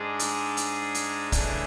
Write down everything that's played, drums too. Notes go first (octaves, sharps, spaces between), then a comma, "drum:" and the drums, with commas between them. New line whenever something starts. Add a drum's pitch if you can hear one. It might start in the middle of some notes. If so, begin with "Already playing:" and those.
Already playing: G#2 G#3 D4 G#4
drum: hi-hat
drum: hi-hat
drum: hi-hat
C#3 E3 A3 D4 G#4, drum: kick C#1, hi-hat